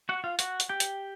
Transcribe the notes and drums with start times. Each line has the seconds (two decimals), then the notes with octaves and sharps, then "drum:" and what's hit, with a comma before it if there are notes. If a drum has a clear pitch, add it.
0.09 F#4 F#5
0.24 F4 F5
0.39 F#4 F#5, drum: hi-hat
0.60 drum: hi-hat
0.69 G4 G5
0.80 drum: hi-hat